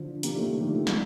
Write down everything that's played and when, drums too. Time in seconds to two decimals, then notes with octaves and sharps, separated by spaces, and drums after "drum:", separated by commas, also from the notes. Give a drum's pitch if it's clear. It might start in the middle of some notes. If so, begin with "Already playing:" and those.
Already playing: D3 F3
0.23 G3 A#3, drum: hi-hat
0.35 F3 A3
0.47 D3 F3
0.59 D#3 G3
0.71 F3 A3
0.87 drum: snare